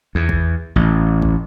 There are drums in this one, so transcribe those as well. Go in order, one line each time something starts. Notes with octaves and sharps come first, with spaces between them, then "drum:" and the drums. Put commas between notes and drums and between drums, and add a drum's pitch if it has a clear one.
E2
drum: kick
A1
drum: kick